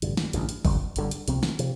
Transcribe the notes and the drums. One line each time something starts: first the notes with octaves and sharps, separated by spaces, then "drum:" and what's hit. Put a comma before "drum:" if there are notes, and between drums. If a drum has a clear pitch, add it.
A1 G2 D3, drum: hi-hat
drum: snare
A1 G2 D3, drum: hi-hat
drum: hi-hat
G1 F2 D3 G3, drum: kick G1, open hi-hat
G1 F2 D3 G3, drum: hi-hat
drum: hi-hat
C2 C3 F3 C4, drum: hi-hat
drum: snare
C3 F3, drum: hi-hat